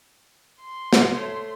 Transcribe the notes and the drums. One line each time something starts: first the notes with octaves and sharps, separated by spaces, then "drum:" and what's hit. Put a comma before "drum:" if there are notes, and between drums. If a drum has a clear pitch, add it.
C6
drum: snare
A3 C5 C#5